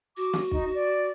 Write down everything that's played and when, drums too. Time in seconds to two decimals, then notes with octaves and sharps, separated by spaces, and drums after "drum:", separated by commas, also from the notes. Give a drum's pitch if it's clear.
0.17 F#4 D6
0.33 drum: snare
0.51 D#4, drum: kick
0.74 D5